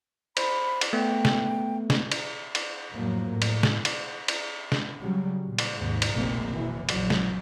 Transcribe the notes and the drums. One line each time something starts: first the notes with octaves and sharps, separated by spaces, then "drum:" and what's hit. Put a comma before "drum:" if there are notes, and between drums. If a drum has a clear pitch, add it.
C5 B5, drum: cymbal
drum: cymbal
A3 B3 G5
drum: snare
drum: snare
drum: cymbal
drum: cymbal
F2 A2 F3 F#3 A#3
A2
drum: cymbal
drum: snare
drum: cymbal
drum: cymbal
drum: snare
C#3 F#3 G3
A#2
drum: cymbal
D#2 G#2 C3
drum: cymbal
F1 A#1 B2 G#3 A#3 C4
F#1 B2 E3
A#1 F#3, drum: cymbal
drum: snare